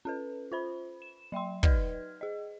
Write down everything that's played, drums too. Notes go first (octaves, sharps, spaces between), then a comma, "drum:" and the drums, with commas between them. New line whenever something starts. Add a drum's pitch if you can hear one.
C#4 A4 B4
F4 C5 B5
E7
F#3 E5 G5 C6
D#4 B4 D5 D#5 F6 G#6, drum: kick
G#4 D#5